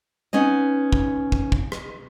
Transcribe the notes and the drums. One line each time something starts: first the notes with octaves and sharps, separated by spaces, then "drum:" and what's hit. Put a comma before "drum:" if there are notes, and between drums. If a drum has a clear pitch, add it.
B3 C#4 D#4 D#5
drum: kick
drum: kick
drum: kick
drum: rim click